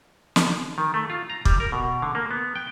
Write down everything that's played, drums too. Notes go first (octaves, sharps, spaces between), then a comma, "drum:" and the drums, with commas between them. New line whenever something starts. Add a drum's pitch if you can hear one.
drum: snare
D#3
A3
F4
A#5
G3, drum: kick
A#4
B2
D3
A#3
B3
G5